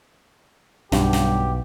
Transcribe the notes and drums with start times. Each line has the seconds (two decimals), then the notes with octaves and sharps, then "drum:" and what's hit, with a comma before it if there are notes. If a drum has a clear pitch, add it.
0.92 B1 G2 G4, drum: snare
1.13 drum: snare